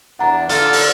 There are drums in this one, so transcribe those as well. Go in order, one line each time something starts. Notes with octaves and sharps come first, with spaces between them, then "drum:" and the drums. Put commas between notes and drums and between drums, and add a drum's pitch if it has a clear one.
E2 D4 F#5 A#5
D3 F4 A4, drum: hi-hat
drum: open hi-hat